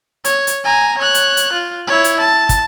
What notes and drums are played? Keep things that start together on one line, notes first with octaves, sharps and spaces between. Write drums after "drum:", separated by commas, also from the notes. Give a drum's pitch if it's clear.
C#5, drum: hi-hat
drum: hi-hat
G#5 A#5
C#5 F#6
drum: hi-hat
drum: hi-hat
F4
E4 C#5
drum: hi-hat
A5
drum: kick, hi-hat